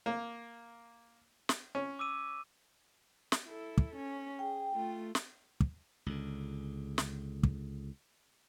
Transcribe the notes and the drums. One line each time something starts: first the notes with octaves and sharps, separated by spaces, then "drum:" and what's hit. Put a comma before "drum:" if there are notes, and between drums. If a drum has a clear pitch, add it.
A#3
drum: snare
C#4
D6 E6 D#7
drum: snare
E4 A4
drum: kick
C#4
G#4 G5
A3 F4
drum: snare
drum: kick
C#2 D3
drum: snare
drum: kick